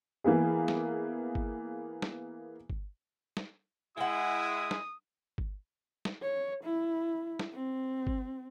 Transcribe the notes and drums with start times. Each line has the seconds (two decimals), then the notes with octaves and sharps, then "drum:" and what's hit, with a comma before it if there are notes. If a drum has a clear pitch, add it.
0.24 E3 A#3 B3 G#4
0.68 drum: snare
1.35 drum: kick G1
2.02 drum: snare
2.70 drum: kick G1
3.37 drum: snare
3.97 G#3 E4 F#5 G5 D#6
4.71 drum: snare
5.38 drum: kick G1
6.05 drum: snare
6.22 C#5
6.64 E4
7.39 drum: snare
7.53 C4
8.07 drum: kick G1